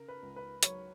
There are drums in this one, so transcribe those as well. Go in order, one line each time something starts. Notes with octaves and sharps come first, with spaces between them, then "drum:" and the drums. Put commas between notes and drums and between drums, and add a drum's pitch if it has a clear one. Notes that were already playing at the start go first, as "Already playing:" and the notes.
Already playing: C#3 A#4
B4
C#2
B4
F#3 C#5, drum: hi-hat